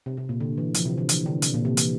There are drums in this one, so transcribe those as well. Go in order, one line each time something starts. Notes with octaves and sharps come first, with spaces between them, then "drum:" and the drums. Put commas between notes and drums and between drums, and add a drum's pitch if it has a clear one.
C3
C3
A#2
D3
E3
F3, drum: hi-hat
C3
D3
E3, drum: hi-hat
D3
C3, drum: hi-hat
A#2
C3
E3, drum: hi-hat